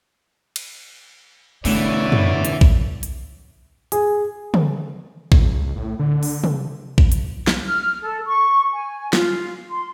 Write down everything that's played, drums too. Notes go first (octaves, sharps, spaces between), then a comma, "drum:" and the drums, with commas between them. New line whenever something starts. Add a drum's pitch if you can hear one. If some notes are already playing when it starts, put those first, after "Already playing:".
drum: cymbal
B2 D3 E3 A3 B3 C#5 D5, drum: open hi-hat
drum: tom
drum: hi-hat
drum: kick A#1
drum: hi-hat
G#4, drum: hi-hat
drum: tom
C#2, drum: kick A#1
A2
D3
drum: open hi-hat
drum: tom
drum: kick A#1
drum: hi-hat
drum: snare
F6
A4
C#6
G#5
F4, drum: snare
C6